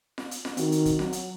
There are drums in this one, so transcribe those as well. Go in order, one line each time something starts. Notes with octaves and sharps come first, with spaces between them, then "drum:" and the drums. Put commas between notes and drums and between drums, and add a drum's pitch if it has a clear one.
drum: snare F4
drum: hi-hat
drum: snare F4
D#3 C4 F#4, drum: hi-hat
drum: hi-hat
drum: kick, hi-hat
F#3, drum: snare F4
drum: hi-hat